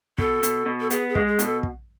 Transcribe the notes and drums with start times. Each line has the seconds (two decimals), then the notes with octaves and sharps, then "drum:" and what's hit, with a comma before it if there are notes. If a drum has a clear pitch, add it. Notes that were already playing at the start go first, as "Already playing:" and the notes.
0.18 B2 A4, drum: kick
0.43 B2, drum: hi-hat
0.66 B2
0.80 A4
0.90 B3 G#4, drum: hi-hat
1.09 G#4
1.15 G#3, drum: kick
1.27 G#4
1.39 B2, drum: hi-hat
1.45 A4
1.63 drum: kick